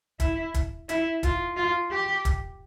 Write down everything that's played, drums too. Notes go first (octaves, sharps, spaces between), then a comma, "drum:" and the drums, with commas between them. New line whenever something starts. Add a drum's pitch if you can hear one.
E4, drum: kick, hi-hat
drum: kick, hi-hat
E4, drum: hi-hat
F4, drum: kick, hi-hat
F4
G4
drum: kick, hi-hat